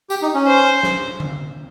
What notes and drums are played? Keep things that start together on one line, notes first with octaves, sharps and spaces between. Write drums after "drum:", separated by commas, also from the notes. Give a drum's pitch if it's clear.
G4, drum: tambourine
D#4
C#4
C5
drum: snare
drum: tom D3